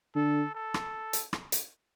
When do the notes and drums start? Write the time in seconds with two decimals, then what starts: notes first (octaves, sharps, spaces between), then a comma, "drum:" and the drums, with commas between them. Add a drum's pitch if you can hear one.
0.15 D3 A4
0.54 A4
0.74 drum: rim click
1.13 drum: hi-hat
1.33 drum: rim click
1.52 drum: hi-hat